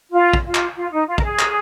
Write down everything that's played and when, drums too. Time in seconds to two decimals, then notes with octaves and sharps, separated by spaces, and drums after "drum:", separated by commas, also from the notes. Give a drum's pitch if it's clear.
0.12 F4
0.33 drum: kick
0.44 F4
0.55 drum: clap
0.76 F4
0.92 D#4
1.08 F4
1.18 A#4, drum: kick
1.23 G#4
1.39 drum: clap